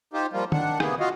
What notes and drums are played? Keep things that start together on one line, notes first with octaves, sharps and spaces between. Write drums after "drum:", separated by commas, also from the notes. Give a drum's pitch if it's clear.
D#4 F4 G4 C5
F3 G3 A#3 F4
D#3 D4 F#5, drum: tom
C3 A#3 B3 G#4, drum: rim click
F4 F#4 D#5 F5